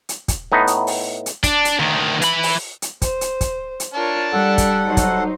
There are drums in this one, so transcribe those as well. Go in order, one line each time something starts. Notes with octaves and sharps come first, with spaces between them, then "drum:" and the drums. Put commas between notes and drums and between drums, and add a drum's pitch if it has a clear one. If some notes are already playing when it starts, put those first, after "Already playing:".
drum: hi-hat
drum: kick, hi-hat
A2 B3 D#4
drum: hi-hat
drum: open hi-hat
drum: hi-hat
D4, drum: kick, hi-hat
drum: hi-hat
D2 D#3
E3 B5, drum: hi-hat
drum: open hi-hat
drum: hi-hat
C5, drum: kick, hi-hat
drum: hi-hat
drum: kick, hi-hat
drum: hi-hat
D4 F4 A#4 C#5 A5
G3 A4 F#5
drum: kick, hi-hat
F#3 D#4 C5
drum: kick, hi-hat